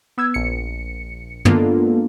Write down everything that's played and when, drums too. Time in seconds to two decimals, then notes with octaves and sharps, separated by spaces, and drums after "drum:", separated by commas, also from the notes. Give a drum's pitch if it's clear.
0.18 B3 E6 G#6
0.34 A#1 C#7
1.45 G#3 A#3 B3 D4 F4 A4, drum: tom